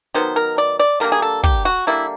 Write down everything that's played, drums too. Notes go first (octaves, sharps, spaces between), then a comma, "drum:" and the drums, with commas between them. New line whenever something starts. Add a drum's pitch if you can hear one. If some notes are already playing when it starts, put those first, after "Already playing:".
D#3 F#3 B3 C5
A#4
D5
D5
D3 G3 A#3 A#4
G#4
A4, drum: hi-hat
G4, drum: kick
F#4
D3 G3 A#3 E4